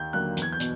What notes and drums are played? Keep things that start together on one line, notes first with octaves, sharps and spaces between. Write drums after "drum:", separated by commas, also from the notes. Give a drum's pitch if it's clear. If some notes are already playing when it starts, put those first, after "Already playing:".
Already playing: D#2 G6
D3 F#3 A#3 F#6
E2 G#6, drum: hi-hat
G6
B2, drum: hi-hat